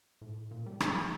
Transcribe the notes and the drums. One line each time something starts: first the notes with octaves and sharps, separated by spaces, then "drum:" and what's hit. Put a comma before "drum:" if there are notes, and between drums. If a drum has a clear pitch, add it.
A2
A#2
G3
F3, drum: rim click
G3
F3